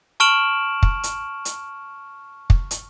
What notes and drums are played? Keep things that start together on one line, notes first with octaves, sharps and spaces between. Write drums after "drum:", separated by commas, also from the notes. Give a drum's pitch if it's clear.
A5 C#6 F6 D7 E7 F#7
drum: kick
drum: hi-hat
drum: hi-hat
drum: kick
drum: hi-hat